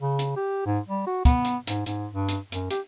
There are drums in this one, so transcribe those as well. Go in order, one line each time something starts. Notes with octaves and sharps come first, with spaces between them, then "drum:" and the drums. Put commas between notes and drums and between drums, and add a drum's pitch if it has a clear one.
C#3
drum: hi-hat
G4
G#2
G3
F#4
B3, drum: kick, hi-hat
drum: hi-hat
G#2, drum: hi-hat
G#2, drum: hi-hat
G2
drum: hi-hat
F#2, drum: hi-hat
G4, drum: hi-hat